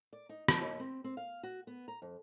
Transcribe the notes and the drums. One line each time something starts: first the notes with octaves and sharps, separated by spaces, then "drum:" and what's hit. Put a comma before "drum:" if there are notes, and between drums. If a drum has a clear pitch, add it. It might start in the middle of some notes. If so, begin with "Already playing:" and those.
D5
D#4
F3, drum: rim click
D#2
C4
C4
F5
F#4
B3
A#5
F2